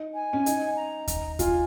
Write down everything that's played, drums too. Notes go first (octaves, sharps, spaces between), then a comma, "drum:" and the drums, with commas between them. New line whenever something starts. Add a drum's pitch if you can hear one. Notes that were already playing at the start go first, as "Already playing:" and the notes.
Already playing: D#4
G#5
C#4
D#4, drum: hi-hat
A#5
drum: kick D#2, hi-hat
F4 G#5, drum: kick D#2, hi-hat